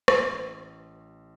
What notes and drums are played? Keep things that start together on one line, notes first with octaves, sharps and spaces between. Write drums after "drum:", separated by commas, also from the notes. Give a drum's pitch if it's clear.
A1, drum: rim click